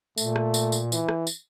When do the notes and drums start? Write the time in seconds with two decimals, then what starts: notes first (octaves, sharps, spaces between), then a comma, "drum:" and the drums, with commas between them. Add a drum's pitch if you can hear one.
0.18 A#2 A3, drum: tambourine
0.36 drum: rim click
0.54 drum: tambourine
0.72 drum: tambourine
0.92 E3, drum: tambourine
1.09 drum: rim click
1.27 drum: tambourine